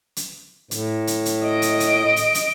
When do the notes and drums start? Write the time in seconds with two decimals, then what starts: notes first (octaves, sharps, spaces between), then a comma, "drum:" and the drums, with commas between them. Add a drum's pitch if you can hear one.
0.16 drum: hi-hat
0.71 A2, drum: hi-hat
1.07 drum: hi-hat
1.26 drum: hi-hat
1.44 D#5 D7
1.62 drum: hi-hat
1.80 drum: hi-hat
2.16 drum: hi-hat
2.35 drum: hi-hat